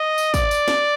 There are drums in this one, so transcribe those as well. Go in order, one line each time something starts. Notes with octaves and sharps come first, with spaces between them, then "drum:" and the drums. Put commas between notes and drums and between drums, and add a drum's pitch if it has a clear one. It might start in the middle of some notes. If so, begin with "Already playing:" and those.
Already playing: D#5
drum: tambourine
D5, drum: kick, tambourine
drum: tambourine
drum: snare